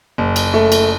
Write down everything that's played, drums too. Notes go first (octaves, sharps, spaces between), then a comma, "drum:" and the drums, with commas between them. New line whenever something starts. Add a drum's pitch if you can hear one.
F#1
drum: cymbal
A3
drum: cymbal